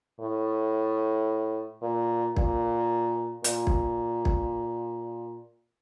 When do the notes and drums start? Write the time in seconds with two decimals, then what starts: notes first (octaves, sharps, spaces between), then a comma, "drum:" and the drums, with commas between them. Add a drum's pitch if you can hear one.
0.21 A2
1.82 A#2
2.36 A#2, drum: kick
3.44 A#2, drum: hi-hat
3.67 drum: kick
4.25 drum: kick